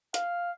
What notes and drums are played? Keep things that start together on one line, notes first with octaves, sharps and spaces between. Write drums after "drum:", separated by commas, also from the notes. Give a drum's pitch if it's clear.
F5, drum: hi-hat